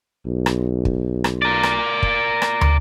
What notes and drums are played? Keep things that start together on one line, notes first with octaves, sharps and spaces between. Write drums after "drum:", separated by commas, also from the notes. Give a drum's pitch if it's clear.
B1
drum: rim click
drum: kick
drum: rim click
A#4 D5
drum: rim click
drum: kick
drum: rim click
drum: tom